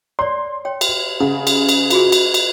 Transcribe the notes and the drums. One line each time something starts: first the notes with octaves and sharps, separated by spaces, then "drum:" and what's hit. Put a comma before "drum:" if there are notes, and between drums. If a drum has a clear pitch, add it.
C#5 D5 C6
C#5 G5
drum: cymbal
C#3 F#5
drum: cymbal
drum: cymbal
F4 F#4 G#4, drum: cymbal
drum: cymbal
drum: cymbal